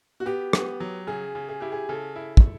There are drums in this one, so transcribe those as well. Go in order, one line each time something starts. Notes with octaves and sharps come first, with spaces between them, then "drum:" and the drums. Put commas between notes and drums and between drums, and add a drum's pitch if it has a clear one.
F#4
B3 G4
B3, drum: rim click
F#3
C#3 G#4
C#3
G#4
E4 G4
G#4
C#3 A4
E4
drum: kick